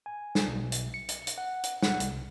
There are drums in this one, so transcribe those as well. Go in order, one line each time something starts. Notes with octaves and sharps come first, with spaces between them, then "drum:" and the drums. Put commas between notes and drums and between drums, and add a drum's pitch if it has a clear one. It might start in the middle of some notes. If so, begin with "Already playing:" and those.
G#5
drum: snare
B1
drum: hi-hat
C#7
drum: hi-hat
drum: hi-hat
F#5
drum: hi-hat
F#5, drum: snare
C2, drum: hi-hat